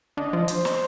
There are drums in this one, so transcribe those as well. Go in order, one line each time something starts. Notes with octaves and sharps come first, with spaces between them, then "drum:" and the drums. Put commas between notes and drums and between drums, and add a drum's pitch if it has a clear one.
D3 D#5
F3
C5, drum: hi-hat
drum: snare